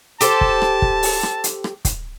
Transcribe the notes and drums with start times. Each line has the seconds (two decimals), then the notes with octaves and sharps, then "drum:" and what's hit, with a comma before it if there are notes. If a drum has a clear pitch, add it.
0.21 G4 A4 C5 A5, drum: hi-hat
0.41 drum: kick
0.62 drum: rim click
0.82 drum: kick
1.03 drum: open hi-hat
1.23 drum: rim click
1.44 drum: hi-hat
1.64 drum: rim click
1.85 drum: kick, hi-hat